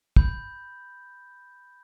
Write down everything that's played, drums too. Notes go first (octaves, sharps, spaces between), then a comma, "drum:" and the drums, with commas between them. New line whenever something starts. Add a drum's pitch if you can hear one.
B5 G6, drum: kick